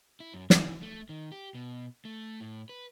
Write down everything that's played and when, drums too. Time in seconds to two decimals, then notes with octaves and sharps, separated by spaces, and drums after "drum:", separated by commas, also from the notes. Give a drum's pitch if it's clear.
0.20 E4
0.34 F#2
0.50 E3, drum: snare
0.82 A3
1.09 D#3
1.32 G4
1.55 B2
2.05 A3
2.40 A2
2.69 B4